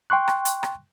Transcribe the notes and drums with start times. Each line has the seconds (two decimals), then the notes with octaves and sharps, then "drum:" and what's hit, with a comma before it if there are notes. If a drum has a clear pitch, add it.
0.10 G5 C6 C#6 F#6
0.28 drum: rim click
0.45 drum: hi-hat
0.63 drum: rim click